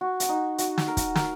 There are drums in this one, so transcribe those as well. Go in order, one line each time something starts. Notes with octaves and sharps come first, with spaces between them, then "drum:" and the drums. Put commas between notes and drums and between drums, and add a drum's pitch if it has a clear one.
F#4
drum: hi-hat
D#4
F#4, drum: hi-hat
drum: snare
A#4
drum: kick, hi-hat
A#4, drum: snare